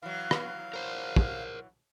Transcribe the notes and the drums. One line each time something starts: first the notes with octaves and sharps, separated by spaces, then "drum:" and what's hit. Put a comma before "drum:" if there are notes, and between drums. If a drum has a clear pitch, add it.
E3 F#3 F5
drum: rim click
A#4 C5
drum: kick